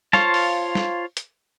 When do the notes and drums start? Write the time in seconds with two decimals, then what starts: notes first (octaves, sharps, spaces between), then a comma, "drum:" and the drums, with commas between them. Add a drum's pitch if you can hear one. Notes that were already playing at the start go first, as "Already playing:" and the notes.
0.13 F4 C5 C#5 F5 A5, drum: snare
0.34 drum: open hi-hat
0.75 drum: snare
1.17 drum: hi-hat